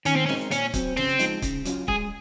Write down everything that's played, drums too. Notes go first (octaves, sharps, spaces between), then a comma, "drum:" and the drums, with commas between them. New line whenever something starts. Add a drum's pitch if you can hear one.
D#3 C#4, drum: hi-hat
C4
C#4
G#3 C4 D#4 A#4, drum: snare
A#2 C#4, drum: hi-hat
F#3 C4, drum: kick, hi-hat
C#3 C4, drum: snare
F3 G#3 D#4, drum: hi-hat
C#3, drum: kick, hi-hat
F#3 C#4 F4, drum: hi-hat
G#3 G#4, drum: kick